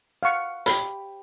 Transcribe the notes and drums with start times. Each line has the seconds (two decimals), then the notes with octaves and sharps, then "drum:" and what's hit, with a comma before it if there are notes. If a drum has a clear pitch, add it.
0.23 F5 F#5 C#6
0.66 G4 C5 B5, drum: hi-hat